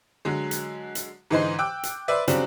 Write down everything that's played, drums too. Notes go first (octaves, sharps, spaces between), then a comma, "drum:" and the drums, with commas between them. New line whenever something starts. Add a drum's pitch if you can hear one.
D3 F#3 G#3
drum: hi-hat
drum: hi-hat
G#2 D3 E3 D#4 C5 C6
G5 D6 E6 F#6
drum: hi-hat
B4 C5 D5 E5
C#3 F#3 G3 C4 D4, drum: hi-hat